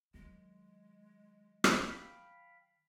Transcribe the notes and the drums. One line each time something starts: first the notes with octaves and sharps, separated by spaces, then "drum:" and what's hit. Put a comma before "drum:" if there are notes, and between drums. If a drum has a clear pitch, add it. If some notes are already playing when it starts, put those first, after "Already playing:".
D#3 F#3 G#3
drum: rim click
F5 G5 B5